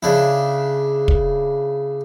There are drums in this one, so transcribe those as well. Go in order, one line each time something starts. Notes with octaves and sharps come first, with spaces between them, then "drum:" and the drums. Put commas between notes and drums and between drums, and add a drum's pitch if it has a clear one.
C#3 D4 E4
drum: kick